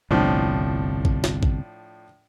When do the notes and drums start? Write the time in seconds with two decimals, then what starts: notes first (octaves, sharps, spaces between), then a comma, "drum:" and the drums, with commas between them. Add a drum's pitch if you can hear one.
0.11 G1 C2 A2 F3 D4
1.05 drum: kick
1.24 drum: snare
1.43 drum: kick